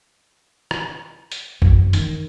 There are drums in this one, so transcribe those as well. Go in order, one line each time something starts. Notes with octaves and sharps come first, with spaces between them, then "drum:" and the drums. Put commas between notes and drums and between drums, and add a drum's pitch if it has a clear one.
drum: rim click
drum: hi-hat
F#2, drum: kick A1
D#3, drum: hi-hat